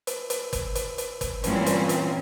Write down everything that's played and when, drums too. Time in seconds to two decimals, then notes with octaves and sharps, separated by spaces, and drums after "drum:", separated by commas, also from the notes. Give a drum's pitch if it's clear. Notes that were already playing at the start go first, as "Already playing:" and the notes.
0.07 drum: hi-hat
0.30 drum: hi-hat
0.53 drum: kick, hi-hat
0.75 drum: hi-hat
0.98 drum: hi-hat
1.21 drum: kick, hi-hat
1.44 G2 A#2 E3 C4 C#4, drum: hi-hat
1.66 drum: hi-hat
1.89 drum: hi-hat